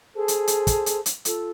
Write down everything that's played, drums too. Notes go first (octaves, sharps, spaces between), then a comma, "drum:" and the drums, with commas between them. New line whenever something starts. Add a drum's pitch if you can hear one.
G#4 A4 C5 A5
drum: hi-hat
drum: hi-hat
drum: kick, hi-hat
drum: hi-hat
drum: hi-hat
F4 A4, drum: hi-hat